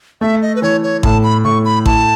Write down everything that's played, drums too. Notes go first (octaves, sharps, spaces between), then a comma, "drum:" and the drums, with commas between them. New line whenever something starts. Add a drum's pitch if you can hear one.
A3 E5
D#5
B4
E3 C#5
C#5
A2 A5, drum: kick A1
B5
A2 C#6
B5
E4 A5, drum: kick A1